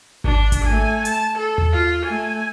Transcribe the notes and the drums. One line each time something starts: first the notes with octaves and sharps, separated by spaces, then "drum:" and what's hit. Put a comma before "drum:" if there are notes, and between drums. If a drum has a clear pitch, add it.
D4, drum: kick G#1
drum: kick G#1, hi-hat
A3 G#5
A5, drum: hi-hat
A4
drum: tom D#2
F4
A3 G#5